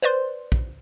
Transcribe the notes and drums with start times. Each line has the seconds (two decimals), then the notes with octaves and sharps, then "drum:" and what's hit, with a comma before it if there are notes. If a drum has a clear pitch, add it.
0.02 B4 C5 D5 C6
0.52 drum: kick